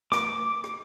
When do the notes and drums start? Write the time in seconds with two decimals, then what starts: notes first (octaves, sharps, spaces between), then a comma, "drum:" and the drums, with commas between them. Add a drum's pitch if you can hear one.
0.12 D6, drum: snare
0.64 drum: rim click